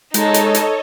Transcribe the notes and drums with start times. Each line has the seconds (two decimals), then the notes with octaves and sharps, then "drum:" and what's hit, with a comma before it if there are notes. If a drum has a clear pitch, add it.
0.14 G#3 D#4 A4 C#5 D#5 A5, drum: hi-hat
0.34 drum: hi-hat
0.54 drum: hi-hat